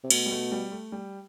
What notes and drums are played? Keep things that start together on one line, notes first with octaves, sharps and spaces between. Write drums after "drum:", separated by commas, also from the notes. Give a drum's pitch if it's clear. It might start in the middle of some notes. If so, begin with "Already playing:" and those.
C3
B2 A3, drum: cymbal
G3
A3
G3
A3
G3